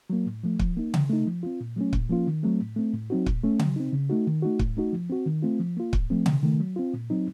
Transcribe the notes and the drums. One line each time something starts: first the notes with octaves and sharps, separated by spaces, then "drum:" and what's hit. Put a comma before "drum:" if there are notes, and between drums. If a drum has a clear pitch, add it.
F#3 A#3
A2
F3 A3
F3, drum: kick
A#3 D#4
C#3, drum: tom C#3
A3 D#4
F3
C4 F4
A#2
F#3 A3 C#4
A#2, drum: kick
F3 A#3 C#4 F4
D#3
F#3 A3 C4
A2
A3 C4
A2
F#3 C4 D#4 F#4
A#2, drum: kick
A3 C#4
F#3, drum: tom C#3
C4 D#4
C#3
A3 D#4 F#4
D#3
A3 D#4 F#4
A2, drum: kick
A3 D#4 F#4
F3
C4 F#4
D#3
A3 C4 F4
F3
A#3 F4
A2, drum: kick
F3 A3 C4
C3, drum: tom C#3
D#3 A3
F#3
C4 F4
A#2
F#3 C4 D#4